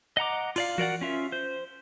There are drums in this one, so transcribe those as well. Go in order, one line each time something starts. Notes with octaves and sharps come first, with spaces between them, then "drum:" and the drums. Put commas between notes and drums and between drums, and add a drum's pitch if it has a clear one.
D#5 F#5 A#5 D6
F4 D5 F5, drum: cymbal
F#4 A#4 D5 F#5, drum: tom E3
C#4 F4 E5
C5